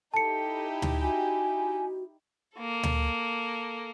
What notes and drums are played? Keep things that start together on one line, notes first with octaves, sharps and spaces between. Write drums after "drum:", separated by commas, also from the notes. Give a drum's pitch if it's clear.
D#4 E4 G4 A4 A5 C#7
drum: tom D2
F#4 G#5
A#3 A4
drum: tom D2